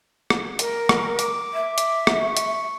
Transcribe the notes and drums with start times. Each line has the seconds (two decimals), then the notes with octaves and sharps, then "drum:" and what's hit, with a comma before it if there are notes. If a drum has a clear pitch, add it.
0.30 drum: rim click
0.59 A#4, drum: hi-hat
0.89 drum: rim click
1.19 D6, drum: hi-hat
1.53 E5
1.78 drum: hi-hat
2.07 drum: rim click
2.21 C#6
2.37 drum: hi-hat